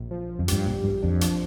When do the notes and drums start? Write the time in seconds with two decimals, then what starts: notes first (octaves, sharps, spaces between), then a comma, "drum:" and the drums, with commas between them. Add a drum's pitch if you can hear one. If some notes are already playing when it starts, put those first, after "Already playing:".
Already playing: A#1
0.11 F3
0.29 F3
0.39 F2
0.48 G2 G4, drum: hi-hat
0.65 A#1 A#2
0.84 A#1 G2
1.02 F2 D4
1.21 F3, drum: hi-hat